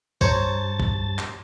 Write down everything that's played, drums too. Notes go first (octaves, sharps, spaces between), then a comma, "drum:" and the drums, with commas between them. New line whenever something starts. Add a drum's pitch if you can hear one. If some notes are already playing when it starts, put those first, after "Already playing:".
G2 C5 C#5 A5 A#5 A6, drum: kick
drum: kick
drum: clap